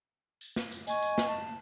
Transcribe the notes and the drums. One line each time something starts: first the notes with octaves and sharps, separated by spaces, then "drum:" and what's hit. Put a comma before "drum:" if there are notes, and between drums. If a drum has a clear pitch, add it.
drum: tambourine
drum: snare
drum: tambourine
D#5 G#5 C#6, drum: tambourine
drum: tambourine
drum: snare
A5